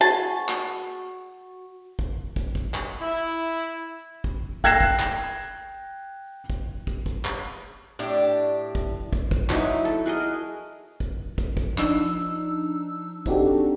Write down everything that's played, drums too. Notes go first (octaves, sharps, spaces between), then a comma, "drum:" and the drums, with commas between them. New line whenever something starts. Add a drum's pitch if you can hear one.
F#4 G#4 A5
drum: clap
drum: kick
drum: kick
drum: kick
drum: clap
E4
drum: kick
G5 F#6 G#6 A#6 C7 E7, drum: kick
drum: kick
drum: clap
drum: kick
drum: kick
drum: kick
drum: clap
A2 D4 G4
drum: kick
drum: kick
drum: kick
F#3 D#4 E4, drum: clap
A4
F#4 G#4 A#4 D#5
drum: kick
drum: kick
drum: kick
F3 D4 D#4 E6, drum: clap
C4 D4 D#4 F#4 G4 A4, drum: kick